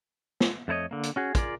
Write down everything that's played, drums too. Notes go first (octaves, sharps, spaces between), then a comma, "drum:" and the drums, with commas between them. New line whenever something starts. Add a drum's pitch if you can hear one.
drum: snare
F2 A3 E4 C#5 D#5
D3 A#3
drum: hi-hat
C#4 F#4 G#4
F4 G#4 A#4 D5, drum: kick, hi-hat